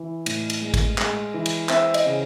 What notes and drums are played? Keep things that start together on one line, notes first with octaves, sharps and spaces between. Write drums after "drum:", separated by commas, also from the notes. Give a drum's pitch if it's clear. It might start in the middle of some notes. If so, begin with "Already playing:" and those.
Already playing: E3
A2, drum: cymbal
drum: cymbal
G#3
drum: kick, cymbal
G#3, drum: clap
E3
drum: cymbal
C4 E5, drum: clap
D#5, drum: cymbal
C#3